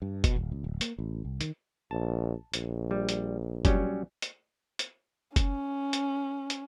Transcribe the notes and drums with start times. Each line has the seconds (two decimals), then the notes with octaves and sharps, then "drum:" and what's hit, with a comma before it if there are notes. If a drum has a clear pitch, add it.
0.02 G2
0.24 B2, drum: kick F#1, hi-hat
0.36 D#1
0.52 C#2
0.64 D1
0.81 A#3, drum: hi-hat
0.99 A1
1.25 C2
1.41 D#3, drum: hi-hat
1.91 A#1 A5
2.54 A#1, drum: hi-hat
2.91 G3
3.09 drum: hi-hat
3.65 F#3 G3 C#4, drum: kick F#1, hi-hat
4.22 drum: hi-hat
4.79 drum: hi-hat
5.36 C#4, drum: kick F#1, hi-hat
5.93 drum: hi-hat
6.50 drum: hi-hat